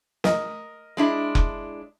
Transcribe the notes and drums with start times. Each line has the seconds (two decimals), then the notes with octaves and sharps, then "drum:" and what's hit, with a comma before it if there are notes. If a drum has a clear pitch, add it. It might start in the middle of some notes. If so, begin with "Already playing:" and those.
0.24 A#4 D#5, drum: snare
0.97 G#3 D4 E4
1.35 drum: kick F1